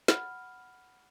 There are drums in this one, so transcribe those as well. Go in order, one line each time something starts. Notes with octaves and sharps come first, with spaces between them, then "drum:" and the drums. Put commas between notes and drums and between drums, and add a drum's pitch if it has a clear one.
F#5 B5 F6, drum: snare